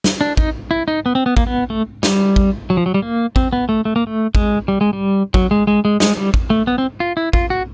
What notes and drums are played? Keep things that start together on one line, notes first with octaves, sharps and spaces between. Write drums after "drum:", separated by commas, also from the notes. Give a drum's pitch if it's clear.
drum: snare
D4
D#4, drum: kick
E4
D#4
B3
C4
B3
A#3, drum: kick
B3
A3
G3, drum: snare
drum: kick
F#3
F3
F#3
G3
A#3
C4, drum: kick
B3
A3
A3
A#3
A3
G#3, drum: kick
G3
G#3
G3
F#3, drum: kick
G#3
G#3
G#3
G#3, drum: snare
G3
drum: kick
A3
B3
C4
F4
E4
F4, drum: kick
F#4